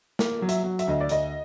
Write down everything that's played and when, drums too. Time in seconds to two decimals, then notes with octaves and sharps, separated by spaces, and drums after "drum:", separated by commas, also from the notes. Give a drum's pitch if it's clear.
0.19 A#3, drum: snare
0.42 F#3
0.49 E5, drum: hi-hat
0.64 F#3
0.79 E5, drum: hi-hat
0.87 D2 D#5
1.01 D5
1.09 D2 D#5, drum: hi-hat